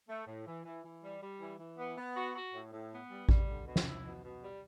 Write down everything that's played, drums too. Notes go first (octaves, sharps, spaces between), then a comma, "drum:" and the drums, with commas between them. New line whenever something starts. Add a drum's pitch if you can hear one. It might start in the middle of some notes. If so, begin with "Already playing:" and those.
A3
A2
E3
E3
E3
G3
G3
E3
E3
B3
B3
F#4
F#4
A2
A2
B3
G3
G3, drum: kick A1
D3
B2
drum: snare
E4
B2
B2
G3